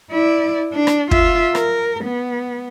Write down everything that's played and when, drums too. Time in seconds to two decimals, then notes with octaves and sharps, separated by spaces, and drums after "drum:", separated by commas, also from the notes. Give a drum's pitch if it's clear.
0.11 E4 D5
0.73 D4
0.87 drum: rim click
1.11 F4 E5, drum: kick
1.55 A#4, drum: rim click
2.04 B3